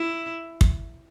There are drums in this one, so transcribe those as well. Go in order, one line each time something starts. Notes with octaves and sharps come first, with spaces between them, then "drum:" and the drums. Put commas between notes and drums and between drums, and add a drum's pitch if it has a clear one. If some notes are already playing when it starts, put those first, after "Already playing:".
Already playing: E4
drum: kick